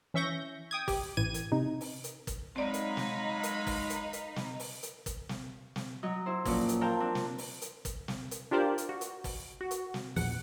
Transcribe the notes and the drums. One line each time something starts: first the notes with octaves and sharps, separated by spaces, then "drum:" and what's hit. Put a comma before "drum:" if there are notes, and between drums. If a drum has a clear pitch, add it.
E3 C#4 E5 C#6 G6 A#6
G5 D#6 G#6
G4, drum: kick, open hi-hat
A1 E3 G#6 D#7
drum: hi-hat
C3 D#4
drum: open hi-hat
drum: hi-hat
drum: kick, hi-hat
F#3 G#3 C4 D#4 D5 F5 B5
drum: hi-hat
drum: snare
drum: hi-hat
drum: kick, open hi-hat
drum: hi-hat
drum: hi-hat
drum: snare
drum: open hi-hat
drum: hi-hat
drum: kick, hi-hat
drum: snare
drum: snare
F#3 D#5
E4 C5
A#2 F3 F#3 C#4, drum: kick, open hi-hat
drum: hi-hat
A4 A#4 C5 F5 G5
C4 D4
drum: snare
drum: open hi-hat
drum: hi-hat
drum: kick, hi-hat
drum: snare
drum: hi-hat
D4 F4 G4 A#4 C5 D5
drum: hi-hat
F#4
drum: hi-hat
drum: kick, open hi-hat
F#4
drum: hi-hat
drum: snare
A#1 E2 F#5, drum: open hi-hat